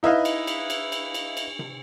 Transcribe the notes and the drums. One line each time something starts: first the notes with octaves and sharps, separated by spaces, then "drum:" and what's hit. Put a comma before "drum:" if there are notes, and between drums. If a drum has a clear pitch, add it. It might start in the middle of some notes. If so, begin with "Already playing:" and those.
D#4 E4 B4 D#5 F5
drum: cymbal
drum: cymbal
drum: cymbal
drum: cymbal
drum: cymbal
drum: cymbal
drum: tom C3